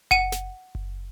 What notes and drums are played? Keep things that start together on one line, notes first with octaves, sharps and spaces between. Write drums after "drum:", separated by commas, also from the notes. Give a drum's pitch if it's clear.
F#5 D#7, drum: kick F#1
drum: snare
drum: kick F#1